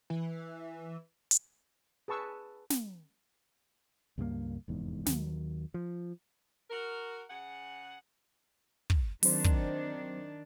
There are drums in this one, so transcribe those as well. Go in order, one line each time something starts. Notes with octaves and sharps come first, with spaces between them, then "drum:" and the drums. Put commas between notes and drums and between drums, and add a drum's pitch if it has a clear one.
E3
drum: hi-hat
G#4 B4 A5 C#6 E6
drum: snare
C#2 G2 F3 A#3
F1 E2 G#2
D#2 D#3 F#3, drum: snare
F3
F#4 A#4
C#3 G#4 F#5
drum: kick
D#3 F#3 C4 D4 C5, drum: open hi-hat
drum: kick